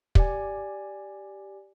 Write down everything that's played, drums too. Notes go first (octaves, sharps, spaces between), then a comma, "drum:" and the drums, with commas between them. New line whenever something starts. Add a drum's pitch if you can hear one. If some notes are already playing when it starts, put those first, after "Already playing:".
G4 D5 G#5, drum: kick